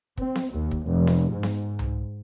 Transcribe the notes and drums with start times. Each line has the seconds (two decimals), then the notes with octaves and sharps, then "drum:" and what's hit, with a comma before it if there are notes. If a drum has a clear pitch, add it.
0.18 C4, drum: kick
0.35 drum: snare B3
0.53 D#2
0.71 drum: kick
0.86 F1
1.07 drum: snare B3
1.31 G#2
1.43 drum: snare B3
1.79 drum: tom C2